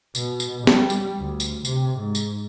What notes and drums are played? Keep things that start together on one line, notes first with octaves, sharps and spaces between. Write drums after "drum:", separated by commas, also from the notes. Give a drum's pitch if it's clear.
B2, drum: tambourine
drum: tambourine
G3, drum: snare
drum: tambourine
D2
drum: tambourine
C3, drum: tambourine
G#2
drum: tambourine